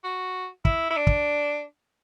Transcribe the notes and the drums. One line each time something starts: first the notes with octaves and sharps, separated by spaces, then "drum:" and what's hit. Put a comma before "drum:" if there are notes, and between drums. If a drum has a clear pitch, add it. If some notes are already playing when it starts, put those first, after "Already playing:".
F#4
E4, drum: kick
E4
D4
drum: kick